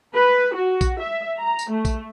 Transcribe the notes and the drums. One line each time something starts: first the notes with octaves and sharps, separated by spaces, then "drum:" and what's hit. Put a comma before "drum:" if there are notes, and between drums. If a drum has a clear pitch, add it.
B4
F#4
drum: kick A#1, tambourine
E5
A#5
drum: tambourine
A3
drum: kick A#1, tambourine